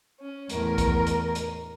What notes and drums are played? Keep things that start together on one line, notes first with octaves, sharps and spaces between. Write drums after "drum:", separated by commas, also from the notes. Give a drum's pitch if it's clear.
C#4
E2 A2 A#4, drum: hi-hat
drum: kick, hi-hat
drum: hi-hat
drum: hi-hat